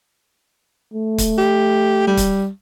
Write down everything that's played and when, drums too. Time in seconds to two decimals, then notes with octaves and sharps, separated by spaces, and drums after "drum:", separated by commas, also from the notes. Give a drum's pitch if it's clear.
0.94 A3
1.18 drum: kick, hi-hat
1.38 G4
2.07 G3
2.17 drum: kick, hi-hat